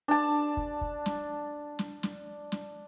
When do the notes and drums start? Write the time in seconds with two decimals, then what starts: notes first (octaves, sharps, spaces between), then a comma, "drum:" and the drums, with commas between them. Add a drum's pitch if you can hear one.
0.08 D4 A5
0.57 drum: kick
0.81 drum: kick
1.06 drum: snare
1.79 drum: snare
2.03 drum: snare
2.52 drum: snare